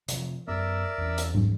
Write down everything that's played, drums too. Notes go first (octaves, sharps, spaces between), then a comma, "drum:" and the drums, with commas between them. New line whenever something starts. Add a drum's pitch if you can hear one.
C3 F3, drum: hi-hat
F#2 B3 A#4 D5 E5
E2 C#4
drum: hi-hat
drum: tom